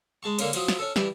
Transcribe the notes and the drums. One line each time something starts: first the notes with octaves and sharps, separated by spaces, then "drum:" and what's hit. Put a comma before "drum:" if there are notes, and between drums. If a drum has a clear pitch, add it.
G#3 A5 C#6
D3 A#3 C#4, drum: cymbal
F3 F#3 D#6, drum: cymbal
drum: snare
C#4 A4
G2 E3 G4, drum: snare